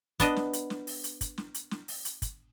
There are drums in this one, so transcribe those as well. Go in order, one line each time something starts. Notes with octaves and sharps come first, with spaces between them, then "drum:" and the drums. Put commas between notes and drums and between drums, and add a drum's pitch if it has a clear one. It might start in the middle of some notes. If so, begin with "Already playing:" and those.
B3 D4 D#5, drum: kick, hi-hat
drum: snare
drum: hi-hat
drum: snare
drum: open hi-hat
drum: hi-hat
drum: kick, hi-hat
drum: snare
drum: hi-hat
drum: snare
drum: open hi-hat
drum: hi-hat
drum: kick, hi-hat